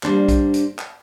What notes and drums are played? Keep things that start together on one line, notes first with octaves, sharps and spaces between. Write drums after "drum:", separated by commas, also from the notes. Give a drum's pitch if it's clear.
G3 A#3 D4 C5, drum: clap
drum: kick A#1, hi-hat
drum: hi-hat
drum: clap